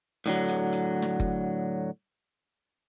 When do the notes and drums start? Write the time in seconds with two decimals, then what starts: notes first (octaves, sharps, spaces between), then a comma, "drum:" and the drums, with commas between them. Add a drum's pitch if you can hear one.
0.26 A2 D3 F#3, drum: hi-hat
0.48 drum: hi-hat
0.72 drum: hi-hat
1.02 drum: snare
1.20 drum: kick F#1